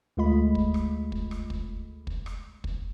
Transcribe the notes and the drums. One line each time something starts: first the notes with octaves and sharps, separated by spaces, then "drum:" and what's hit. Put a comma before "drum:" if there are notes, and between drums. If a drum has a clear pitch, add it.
D2 G#3 A3 F4 D#5 B5
drum: kick
drum: rim click
drum: kick
drum: rim click
drum: kick
drum: kick
drum: rim click
drum: kick